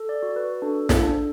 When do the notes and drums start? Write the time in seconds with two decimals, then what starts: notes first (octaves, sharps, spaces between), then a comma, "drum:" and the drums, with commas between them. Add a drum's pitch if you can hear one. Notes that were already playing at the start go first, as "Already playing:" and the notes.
Already playing: A4
0.09 D5
0.23 F#4
0.36 B4
0.62 D4 A4
0.89 drum: snare
1.03 D4